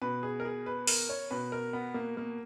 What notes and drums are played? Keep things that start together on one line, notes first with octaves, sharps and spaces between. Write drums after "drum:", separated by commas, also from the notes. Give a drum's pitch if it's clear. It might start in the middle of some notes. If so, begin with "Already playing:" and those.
B2 B4
G#4
A#4
G#4
B4
A#4, drum: open hi-hat
C#5
B2 B4
A#4
B3
A#3
A#3